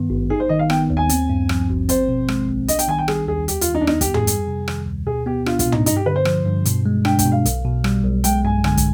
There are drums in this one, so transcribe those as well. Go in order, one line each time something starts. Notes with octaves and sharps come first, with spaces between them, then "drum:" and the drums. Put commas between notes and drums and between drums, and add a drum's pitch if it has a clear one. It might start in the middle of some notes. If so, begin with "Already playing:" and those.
Already playing: G2 D#3 B3
G#1
D#4 G#4
C5
D#3 D#5
F5
B3 G5, drum: rim click
D#2
G#5
C4, drum: hi-hat
G2
F3, drum: rim click
G#1
C4 C5, drum: hi-hat
B2
G#3, drum: rim click
B1
D4 D#5, drum: hi-hat
G5, drum: hi-hat
D#3 G#5
G5
G3 G#4, drum: rim click
D#2 G#4
F2 G4, drum: hi-hat
F4, drum: hi-hat
D#3
D#4
D4
B3 D#4, drum: rim click
G4, drum: kick, hi-hat
F2
G#4, drum: tom
G3, drum: hi-hat
C3
D#3, drum: rim click
D2
B2 G#4
B3 G4
D4 F4, drum: rim click
F4, drum: kick, hi-hat
B2
D#4, drum: tom
G2 D#4, drum: hi-hat
G4
D3 B4
C5
F3, drum: rim click
G2
B2, drum: hi-hat
G#3
D4 G5, drum: rim click
G5, drum: kick, hi-hat
B2
F5
B1, drum: hi-hat
B2
G3, drum: rim click
B1
G#3 G5, drum: hi-hat
G2 G#5
D3 G#5, drum: rim click
drum: kick, hi-hat